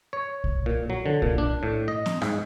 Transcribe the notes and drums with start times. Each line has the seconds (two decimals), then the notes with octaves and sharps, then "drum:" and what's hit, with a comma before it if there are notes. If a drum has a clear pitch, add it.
0.13 C#5
0.44 drum: kick
0.66 A#2
0.90 F#3
1.06 D3
1.22 A#2, drum: kick
1.38 D4
1.63 A2
1.88 D#5
2.06 drum: snare
2.22 G#2, drum: rim click